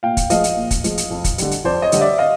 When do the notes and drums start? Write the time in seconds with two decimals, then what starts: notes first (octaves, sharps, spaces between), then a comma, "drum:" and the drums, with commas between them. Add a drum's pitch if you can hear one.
0.03 A#2 F5 G5
0.17 drum: kick, hi-hat
0.30 F3 G#3 D#5 F5, drum: hi-hat
0.44 drum: hi-hat
0.57 A#2
0.71 drum: kick, hi-hat
0.84 F3 G#3, drum: hi-hat
0.98 drum: hi-hat
1.11 F2
1.24 drum: kick, hi-hat
1.38 D3 G3, drum: hi-hat
1.51 drum: hi-hat
1.64 F2 C5 D5
1.82 C#5 D#5
1.92 D3 G3, drum: hi-hat
2.01 D5 E5
2.18 D#5 F5